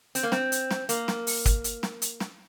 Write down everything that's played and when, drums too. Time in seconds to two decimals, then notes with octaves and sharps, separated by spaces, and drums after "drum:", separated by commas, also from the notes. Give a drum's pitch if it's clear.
0.15 C4, drum: hi-hat
0.23 A#3
0.32 C4, drum: snare
0.52 drum: hi-hat
0.71 drum: snare
0.89 A#3, drum: hi-hat
1.08 drum: snare
1.27 drum: open hi-hat
1.45 drum: kick, hi-hat
1.64 drum: hi-hat
1.83 drum: snare
2.02 drum: hi-hat
2.20 drum: snare